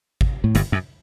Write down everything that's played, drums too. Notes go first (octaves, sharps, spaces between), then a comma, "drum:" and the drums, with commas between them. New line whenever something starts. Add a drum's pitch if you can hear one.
drum: kick G#1
A2
G1 G2, drum: hi-hat
F#2